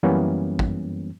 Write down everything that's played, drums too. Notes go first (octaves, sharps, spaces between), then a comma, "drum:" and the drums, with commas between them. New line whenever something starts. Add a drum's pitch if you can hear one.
F#2 E3 G3 A#3 B3 C#4
drum: kick